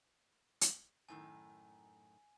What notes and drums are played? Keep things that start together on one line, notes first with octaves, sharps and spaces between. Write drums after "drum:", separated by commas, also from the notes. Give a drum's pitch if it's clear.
drum: hi-hat
F#2 A2 D#3 G#5